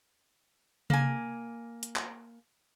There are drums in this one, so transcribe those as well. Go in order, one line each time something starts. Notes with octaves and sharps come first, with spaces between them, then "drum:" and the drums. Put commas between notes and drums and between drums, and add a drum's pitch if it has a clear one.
A#3 G#5, drum: tom C3
drum: hi-hat
drum: clap